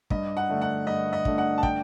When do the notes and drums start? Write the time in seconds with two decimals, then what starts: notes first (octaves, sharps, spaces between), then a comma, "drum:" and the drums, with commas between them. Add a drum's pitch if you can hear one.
0.10 G2 D#5, drum: kick
0.37 F#5
0.49 D3 A3 D4
0.62 F#5
0.87 G2 D#5
1.13 D#5
1.25 D3 A3 D4, drum: kick
1.38 F#5
1.58 A5
1.63 G5, drum: kick